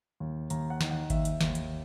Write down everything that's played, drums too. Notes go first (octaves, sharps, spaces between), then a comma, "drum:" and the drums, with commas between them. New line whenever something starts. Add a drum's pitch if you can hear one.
D#2
D#2 A#5, drum: hi-hat
F#5
D#3, drum: snare
F#5
D#2 E5, drum: kick G#1, hi-hat
drum: hi-hat
D#2, drum: snare
drum: hi-hat